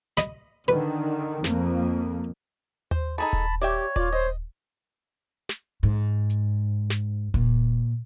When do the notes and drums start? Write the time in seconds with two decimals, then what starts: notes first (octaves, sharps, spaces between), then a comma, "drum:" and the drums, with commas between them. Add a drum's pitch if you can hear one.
0.17 D#5 B5, drum: snare
0.68 D3 D#3 B4
1.44 F2 A#3, drum: snare
2.91 C5, drum: tom D#2
3.18 D#4 G#4 A4 A5 B5
3.33 drum: kick D#1
3.62 G4 C#5 D5 E5 G5
3.96 F4 D5, drum: kick D#1
4.12 C5 D#5
5.49 drum: snare
5.83 G#2
6.30 drum: hi-hat
6.90 drum: snare
7.34 A#2, drum: kick D#1